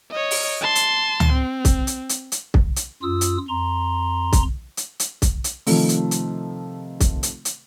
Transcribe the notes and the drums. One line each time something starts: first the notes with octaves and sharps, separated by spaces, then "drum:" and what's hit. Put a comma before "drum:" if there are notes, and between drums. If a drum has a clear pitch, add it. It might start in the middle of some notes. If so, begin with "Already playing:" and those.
C#5 D#5
drum: open hi-hat
A5 C6
drum: hi-hat
drum: tom C#2
C4
drum: kick, hi-hat
drum: hi-hat
drum: hi-hat
drum: hi-hat
drum: kick
drum: hi-hat
F#2 F4 D#6 E6
drum: hi-hat
F2 A#5 C6
drum: kick, hi-hat
drum: hi-hat
drum: hi-hat
drum: kick, hi-hat
drum: hi-hat
C3 D#3 F3 A3, drum: open hi-hat
drum: hi-hat
drum: hi-hat
drum: kick, hi-hat
drum: hi-hat
drum: hi-hat